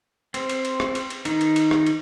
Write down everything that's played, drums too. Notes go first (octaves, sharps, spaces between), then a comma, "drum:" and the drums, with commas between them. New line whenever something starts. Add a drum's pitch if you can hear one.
C4, drum: cymbal
drum: cymbal
drum: cymbal
drum: rim click
drum: cymbal
drum: cymbal
D#3 D#4, drum: cymbal
drum: cymbal
drum: cymbal
drum: rim click
drum: cymbal